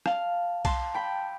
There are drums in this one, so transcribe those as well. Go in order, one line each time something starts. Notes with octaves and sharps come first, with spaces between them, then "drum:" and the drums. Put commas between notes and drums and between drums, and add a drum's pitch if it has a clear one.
F5 A5, drum: rim click
A5 C6, drum: kick B1, cymbal
G5 B5